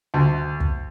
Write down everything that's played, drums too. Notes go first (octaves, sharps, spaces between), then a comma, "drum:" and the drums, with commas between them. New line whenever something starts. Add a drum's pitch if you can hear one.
D2
drum: kick